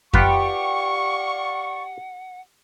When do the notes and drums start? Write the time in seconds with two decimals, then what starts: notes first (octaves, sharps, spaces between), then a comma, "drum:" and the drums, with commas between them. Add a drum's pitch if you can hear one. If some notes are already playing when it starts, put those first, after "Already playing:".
0.14 F4 G4 B4 D5 F5 F#5 C#6, drum: kick F2